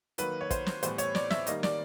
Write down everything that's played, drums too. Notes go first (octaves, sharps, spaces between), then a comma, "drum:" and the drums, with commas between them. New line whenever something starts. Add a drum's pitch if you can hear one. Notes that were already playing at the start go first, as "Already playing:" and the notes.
D#3 F#3 A#3 B4, drum: hi-hat
C#5
C5, drum: kick, hi-hat
drum: snare
A2 E3 G3 B3 C5, drum: hi-hat
C#5, drum: hi-hat
D5, drum: snare
E5, drum: snare
D#3 G3 A#3 D#5, drum: hi-hat
D5, drum: snare